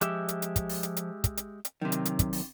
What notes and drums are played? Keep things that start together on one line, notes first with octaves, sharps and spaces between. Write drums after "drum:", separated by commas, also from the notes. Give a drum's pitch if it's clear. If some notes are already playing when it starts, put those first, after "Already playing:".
F3 G#3 G4 E5, drum: hi-hat
drum: hi-hat
drum: hi-hat
drum: kick, hi-hat
drum: open hi-hat
drum: hi-hat
drum: hi-hat
drum: kick, hi-hat
drum: hi-hat
drum: hi-hat
C3 D#3 F#3
drum: hi-hat
drum: hi-hat
drum: kick, hi-hat
drum: open hi-hat